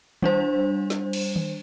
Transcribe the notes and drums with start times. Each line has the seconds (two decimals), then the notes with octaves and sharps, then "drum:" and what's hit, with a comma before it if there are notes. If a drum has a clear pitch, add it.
0.23 G3 D4 C5, drum: tom D#3
0.90 drum: snare
1.13 drum: cymbal
1.36 drum: tom D#3